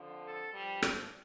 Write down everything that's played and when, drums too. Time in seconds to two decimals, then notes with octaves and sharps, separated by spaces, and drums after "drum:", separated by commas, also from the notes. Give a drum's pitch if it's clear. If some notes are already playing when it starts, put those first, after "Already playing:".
Already playing: F2 D3 F3
0.22 A4
0.52 G2 F3 G3
0.82 drum: rim click